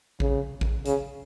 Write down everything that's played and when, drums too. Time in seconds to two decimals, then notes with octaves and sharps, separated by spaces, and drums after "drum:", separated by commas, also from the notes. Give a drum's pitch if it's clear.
0.20 C#3, drum: kick A1
0.61 drum: kick A1
0.85 C#3, drum: hi-hat